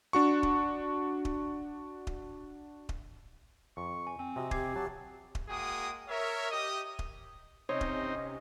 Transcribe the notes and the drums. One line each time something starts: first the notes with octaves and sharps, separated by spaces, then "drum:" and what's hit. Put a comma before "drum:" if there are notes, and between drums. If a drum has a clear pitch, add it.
D4 F#4 C#6
drum: kick D#1
drum: kick D#1
drum: kick D#1
drum: kick D#1
F2 C#6
G#5
C4 G#5
C3 F#4 D#5
G4 D6 G#6 C7, drum: kick D#1
F#3 A5
drum: kick D#1
G#3 A#3 F#4 G#4 G5 D#6
A#4 C#5 E5
G4 D#5 D#6
drum: kick D#1
C3 C4 C#4 D#4 C#5 D#5
drum: kick D#1